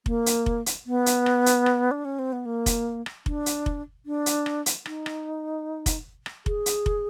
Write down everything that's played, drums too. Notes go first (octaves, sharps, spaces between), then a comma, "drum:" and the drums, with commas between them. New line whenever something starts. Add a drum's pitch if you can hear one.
A#3, drum: kick F1
drum: hi-hat
drum: kick F1
drum: hi-hat
B3
drum: hi-hat
drum: rim click
drum: hi-hat
drum: rim click
D4
C#4
C4
B3
A#3
drum: kick F1, hi-hat
drum: rim click
D4, drum: kick F1
drum: hi-hat
drum: kick F1
D4
drum: hi-hat
drum: rim click
drum: hi-hat
D#4, drum: rim click
drum: rim click
drum: kick F1, hi-hat
drum: rim click
G#4, drum: kick F1
drum: hi-hat
drum: kick F1